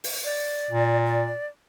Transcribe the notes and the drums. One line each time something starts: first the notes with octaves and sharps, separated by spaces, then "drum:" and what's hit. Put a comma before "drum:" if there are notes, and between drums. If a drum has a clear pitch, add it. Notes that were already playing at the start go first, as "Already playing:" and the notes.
drum: open hi-hat
D5
A#2
D5